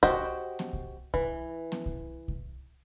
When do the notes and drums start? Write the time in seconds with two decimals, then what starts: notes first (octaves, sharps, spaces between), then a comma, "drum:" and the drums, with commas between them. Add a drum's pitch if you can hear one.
0.03 F#4 G4 C5 D#5, drum: kick C2
0.59 drum: snare B3
0.73 drum: kick C2
1.14 E3, drum: kick C2
1.72 drum: snare B3
1.86 drum: kick C2
2.28 drum: kick C2